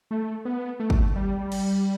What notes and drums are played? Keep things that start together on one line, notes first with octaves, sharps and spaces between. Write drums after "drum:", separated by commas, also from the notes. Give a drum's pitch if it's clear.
A3
B3
A3
drum: kick
G3
drum: cymbal